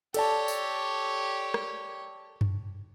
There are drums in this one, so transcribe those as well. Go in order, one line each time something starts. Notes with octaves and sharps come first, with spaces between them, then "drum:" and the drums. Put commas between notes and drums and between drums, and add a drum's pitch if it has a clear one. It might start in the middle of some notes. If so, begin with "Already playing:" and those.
G4 A4 C#5 D5 A5, drum: cymbal
drum: tambourine
drum: rim click
drum: tom F#2